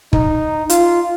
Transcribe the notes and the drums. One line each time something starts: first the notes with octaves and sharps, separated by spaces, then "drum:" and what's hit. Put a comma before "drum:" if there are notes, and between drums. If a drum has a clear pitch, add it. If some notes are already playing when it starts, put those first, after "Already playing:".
D#4, drum: kick
F4, drum: hi-hat